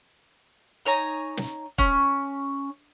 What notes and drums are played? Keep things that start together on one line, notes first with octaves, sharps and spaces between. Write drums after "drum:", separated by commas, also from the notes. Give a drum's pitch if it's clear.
D#4 C#5 G#5 A#5
drum: snare
C#4, drum: kick